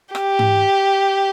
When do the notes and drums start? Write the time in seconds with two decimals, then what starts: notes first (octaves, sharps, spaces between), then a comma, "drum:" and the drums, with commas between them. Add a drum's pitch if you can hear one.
0.15 G4, drum: rim click
0.39 drum: tom G#2